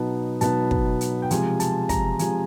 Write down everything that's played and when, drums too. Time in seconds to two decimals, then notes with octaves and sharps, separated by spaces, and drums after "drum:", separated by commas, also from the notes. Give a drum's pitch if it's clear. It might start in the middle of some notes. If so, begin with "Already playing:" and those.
Already playing: B2 F#3 B3 D#4 A5
0.41 B2 F#3 B3 D#4 A5, drum: hi-hat
0.71 drum: kick
1.01 drum: hi-hat
1.22 G5
1.31 C3 F3 G#3 G#5, drum: hi-hat
1.60 A5, drum: hi-hat
1.89 A#5, drum: kick, hi-hat
2.19 C3 F3 G#3 G#5, drum: hi-hat